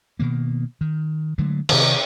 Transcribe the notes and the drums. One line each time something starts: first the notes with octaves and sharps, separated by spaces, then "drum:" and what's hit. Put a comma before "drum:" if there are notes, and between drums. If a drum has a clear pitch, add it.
B2 D#3 A#3
D#3
D3 F#3 G#3 A3
C3 D#3, drum: cymbal